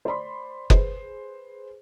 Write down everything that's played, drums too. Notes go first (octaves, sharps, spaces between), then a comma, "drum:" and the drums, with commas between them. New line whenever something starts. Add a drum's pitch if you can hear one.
C5 D5 B5 C6
G#4 B4 C5, drum: kick F#1